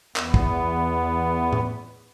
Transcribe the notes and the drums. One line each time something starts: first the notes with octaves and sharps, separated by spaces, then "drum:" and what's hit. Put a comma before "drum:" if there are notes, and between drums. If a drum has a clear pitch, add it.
E2 B3, drum: clap
drum: kick
drum: tom A2